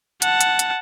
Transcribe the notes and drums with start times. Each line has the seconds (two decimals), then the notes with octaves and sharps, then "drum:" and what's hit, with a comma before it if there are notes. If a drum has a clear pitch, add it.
0.22 F#5 A5, drum: hi-hat
0.41 drum: hi-hat
0.59 drum: hi-hat